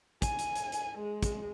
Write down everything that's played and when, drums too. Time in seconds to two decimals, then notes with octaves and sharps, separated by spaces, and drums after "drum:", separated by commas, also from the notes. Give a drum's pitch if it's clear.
0.22 G#5, drum: kick, hi-hat
0.39 drum: hi-hat
0.56 drum: hi-hat
0.72 drum: hi-hat
0.98 G#3
1.23 drum: kick, hi-hat